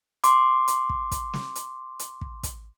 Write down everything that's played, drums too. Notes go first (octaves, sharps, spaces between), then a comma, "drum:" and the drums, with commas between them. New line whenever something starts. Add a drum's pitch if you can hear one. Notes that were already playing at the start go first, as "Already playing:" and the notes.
C6 D6, drum: hi-hat
drum: hi-hat
drum: kick
drum: kick, hi-hat
drum: snare
drum: hi-hat
drum: hi-hat
drum: kick
drum: kick, hi-hat